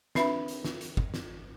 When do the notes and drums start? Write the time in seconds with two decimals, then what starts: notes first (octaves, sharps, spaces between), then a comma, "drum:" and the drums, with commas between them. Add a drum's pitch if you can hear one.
0.15 C4 D4 B4 E5 B5, drum: snare
0.48 drum: hi-hat
0.64 drum: snare
0.81 drum: hi-hat
0.97 drum: kick
1.14 drum: snare